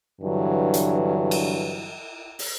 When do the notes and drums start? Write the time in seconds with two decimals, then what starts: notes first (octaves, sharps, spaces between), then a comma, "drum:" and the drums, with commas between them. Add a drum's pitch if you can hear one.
0.22 G2 D3 E3 F#3
0.74 drum: hi-hat
1.31 drum: cymbal
2.39 drum: open hi-hat